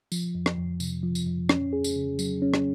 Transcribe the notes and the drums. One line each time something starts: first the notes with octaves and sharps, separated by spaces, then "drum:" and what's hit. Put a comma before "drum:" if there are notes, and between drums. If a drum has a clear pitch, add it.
F3, drum: tambourine
F2
drum: rim click
F2
C3, drum: tambourine
F3
drum: tambourine
F2
C#4, drum: rim click
G#4
drum: tambourine
C#3
F#3, drum: tambourine
C#4
drum: rim click